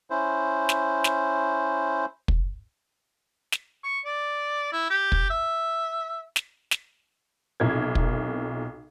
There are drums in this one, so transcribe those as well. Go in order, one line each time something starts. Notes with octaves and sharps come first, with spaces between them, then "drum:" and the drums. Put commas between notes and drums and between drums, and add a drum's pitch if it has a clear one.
C#4 E4 C5
drum: snare
drum: snare
drum: kick
drum: snare
C#6
D5
E4
G4
drum: kick
E5
drum: snare
drum: snare
B1 C3 E4 F4 A#4 G#6
drum: kick